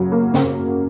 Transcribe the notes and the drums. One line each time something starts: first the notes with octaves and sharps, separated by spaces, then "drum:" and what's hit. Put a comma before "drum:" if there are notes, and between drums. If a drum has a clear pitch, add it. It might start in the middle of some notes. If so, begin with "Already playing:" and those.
Already playing: F#2 C#3 F#3
A#3
C#3, drum: snare